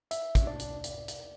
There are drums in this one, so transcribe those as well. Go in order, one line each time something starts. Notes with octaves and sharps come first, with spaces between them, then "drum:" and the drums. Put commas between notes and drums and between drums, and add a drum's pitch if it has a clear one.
E5, drum: hi-hat
drum: kick, hi-hat
D4 D5
drum: hi-hat
drum: hi-hat
drum: hi-hat